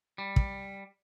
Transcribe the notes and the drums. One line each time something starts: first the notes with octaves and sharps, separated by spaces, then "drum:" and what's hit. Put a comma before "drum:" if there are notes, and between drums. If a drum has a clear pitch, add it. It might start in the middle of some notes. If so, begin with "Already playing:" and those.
G3
drum: kick